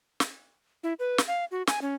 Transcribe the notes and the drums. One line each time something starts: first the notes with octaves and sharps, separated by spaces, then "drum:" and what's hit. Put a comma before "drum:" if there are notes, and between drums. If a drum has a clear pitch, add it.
drum: snare
E4
B4
drum: snare
F5
F#4
G#5, drum: snare
C#4